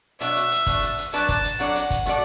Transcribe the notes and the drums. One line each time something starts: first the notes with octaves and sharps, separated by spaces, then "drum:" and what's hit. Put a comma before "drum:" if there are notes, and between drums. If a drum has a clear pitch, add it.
B2 F#3 D4 F#4 E5, drum: hi-hat
drum: hi-hat
drum: hi-hat
A3 D4 F#4, drum: kick, hi-hat
drum: hi-hat
drum: hi-hat
F#3 D4 B4 D5 A5, drum: hi-hat
drum: kick, hi-hat
drum: hi-hat
F#3 D4 A4 D5 F#5, drum: hi-hat
drum: hi-hat
drum: kick, hi-hat
A3 F#4 A4 D5, drum: hi-hat